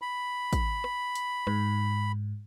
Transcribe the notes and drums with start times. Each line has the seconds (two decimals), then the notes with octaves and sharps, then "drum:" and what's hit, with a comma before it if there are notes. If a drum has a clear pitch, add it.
0.02 B5
0.53 drum: kick A1, hi-hat
0.84 drum: rim click
1.15 drum: hi-hat
1.47 G#2, drum: rim click